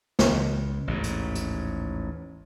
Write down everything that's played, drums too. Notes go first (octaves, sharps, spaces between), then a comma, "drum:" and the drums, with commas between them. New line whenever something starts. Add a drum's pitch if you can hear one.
C#2, drum: snare
A1 D#2 G#2
drum: hi-hat
drum: hi-hat